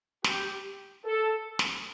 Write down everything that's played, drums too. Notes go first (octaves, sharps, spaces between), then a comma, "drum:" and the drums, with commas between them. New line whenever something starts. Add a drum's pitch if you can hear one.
G4, drum: snare
A4
drum: snare